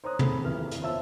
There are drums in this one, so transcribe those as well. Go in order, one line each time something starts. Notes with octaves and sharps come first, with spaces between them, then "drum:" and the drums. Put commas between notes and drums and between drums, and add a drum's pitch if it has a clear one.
C5 C#5 A#5 C6 D#6 F#6
D#1 C3 C4 G#4 A4 B5, drum: tom
D#1 F2 E3 F6
drum: hi-hat
F4 C5 C#5 E5 A5 E6